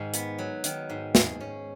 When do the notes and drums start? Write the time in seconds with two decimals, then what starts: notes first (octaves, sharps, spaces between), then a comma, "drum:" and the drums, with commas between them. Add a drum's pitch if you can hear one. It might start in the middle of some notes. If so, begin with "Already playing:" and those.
Already playing: G#2 D#3
0.14 B3, drum: hi-hat
0.38 F#3
0.64 D#3, drum: hi-hat
0.90 G#2
1.15 G#4, drum: snare
1.41 C#4